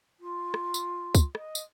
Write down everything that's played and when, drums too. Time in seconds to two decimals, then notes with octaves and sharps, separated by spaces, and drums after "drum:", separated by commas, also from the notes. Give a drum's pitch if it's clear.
0.20 F4
0.54 drum: rim click
0.74 drum: tambourine
1.15 drum: kick, tambourine
1.35 D#5, drum: rim click
1.55 drum: tambourine